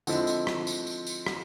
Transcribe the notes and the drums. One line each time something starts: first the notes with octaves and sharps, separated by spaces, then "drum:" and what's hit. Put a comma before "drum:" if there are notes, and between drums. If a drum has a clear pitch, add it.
D3 F3 G#3 C4 E4, drum: tambourine
drum: tambourine
drum: rim click
drum: tambourine
drum: tambourine
drum: tambourine
drum: rim click